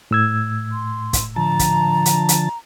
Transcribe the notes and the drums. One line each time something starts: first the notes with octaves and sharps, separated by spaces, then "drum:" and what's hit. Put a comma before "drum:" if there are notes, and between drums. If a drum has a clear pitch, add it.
A2 E6 G#6
C6
drum: kick, hi-hat
D3 F3 A5 A#5
drum: kick, hi-hat
drum: hi-hat
drum: hi-hat